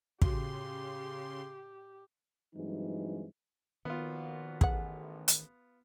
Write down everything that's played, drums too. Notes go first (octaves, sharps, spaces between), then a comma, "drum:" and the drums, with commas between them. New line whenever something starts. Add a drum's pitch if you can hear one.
A2 C#3 F#4 G4 C6, drum: kick
G2 E3 F#3 G#3 C4 D#4
A#2 D#3 F3 B3 F4 F#4
A1 G#4 F#5, drum: kick
drum: hi-hat